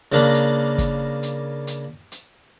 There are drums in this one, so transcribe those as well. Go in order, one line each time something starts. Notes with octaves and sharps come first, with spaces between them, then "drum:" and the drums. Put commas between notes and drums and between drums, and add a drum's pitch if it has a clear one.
C#3 A#3 D4 A#5 B5
drum: hi-hat
drum: kick, hi-hat
drum: hi-hat
drum: hi-hat
drum: hi-hat